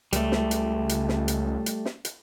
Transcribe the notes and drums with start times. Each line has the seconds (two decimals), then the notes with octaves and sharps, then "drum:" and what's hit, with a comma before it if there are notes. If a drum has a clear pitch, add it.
0.13 C#2 G3 A3, drum: hi-hat
0.32 drum: snare
0.51 drum: hi-hat
0.89 drum: hi-hat
1.09 drum: snare
1.28 drum: hi-hat
1.66 drum: hi-hat
1.85 drum: snare
2.05 drum: hi-hat